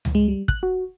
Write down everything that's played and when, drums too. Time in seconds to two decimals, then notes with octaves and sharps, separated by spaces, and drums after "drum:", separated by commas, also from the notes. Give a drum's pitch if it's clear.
0.05 drum: tom C#2
0.15 G#3
0.28 G3
0.48 F#6, drum: kick
0.63 F#4